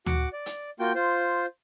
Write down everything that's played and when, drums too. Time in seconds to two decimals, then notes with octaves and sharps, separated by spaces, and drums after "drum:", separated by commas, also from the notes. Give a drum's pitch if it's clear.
0.06 F#4 F#5 D6, drum: tom D2
0.33 D5
0.46 drum: hi-hat
0.80 A#3 F4 F#4 G5 G6
0.95 F4 C5